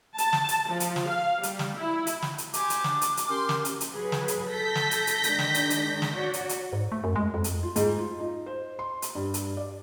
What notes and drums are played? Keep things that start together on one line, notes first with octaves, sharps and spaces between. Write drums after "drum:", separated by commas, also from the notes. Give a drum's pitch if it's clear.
A5, drum: hi-hat
drum: snare
drum: hi-hat
F3
drum: hi-hat
drum: snare
F5
G3, drum: hi-hat
drum: snare
E4
drum: hi-hat
drum: snare
drum: hi-hat
G4 C5 G#5 D6, drum: hi-hat
drum: hi-hat
D4, drum: snare
drum: hi-hat
drum: hi-hat
C#4 G4 A#4 G5 C6
drum: snare
drum: hi-hat
drum: hi-hat
F#3 G#4 B4
drum: snare
drum: hi-hat
A4 G6 A#6 B6
drum: snare
drum: hi-hat
drum: hi-hat
D#3 G#3 D4, drum: hi-hat
drum: snare
drum: hi-hat
drum: hi-hat
drum: snare
F#4 C#5 D5
drum: hi-hat
drum: hi-hat
G#2
A3
F#2
G#3
F2
drum: hi-hat
F4
G#2, drum: hi-hat
F4
D#4
C5
C6
drum: hi-hat
G2
drum: hi-hat
D5